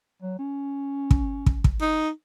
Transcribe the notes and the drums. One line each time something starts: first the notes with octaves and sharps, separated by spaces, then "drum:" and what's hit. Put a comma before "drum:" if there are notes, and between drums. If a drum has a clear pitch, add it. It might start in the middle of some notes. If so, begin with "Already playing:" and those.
F#3
C#4
drum: kick
drum: kick
drum: kick
D#4